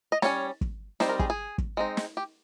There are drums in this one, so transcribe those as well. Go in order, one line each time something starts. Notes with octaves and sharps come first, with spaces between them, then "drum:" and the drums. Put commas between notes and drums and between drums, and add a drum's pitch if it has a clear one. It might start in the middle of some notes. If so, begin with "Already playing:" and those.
D#5
G3 C#4 C#5, drum: snare
drum: kick
G3 C4 D#4 C5, drum: snare
A#4
G#4, drum: kick
G#4
drum: kick
G#3 C4 D#4
drum: snare
G4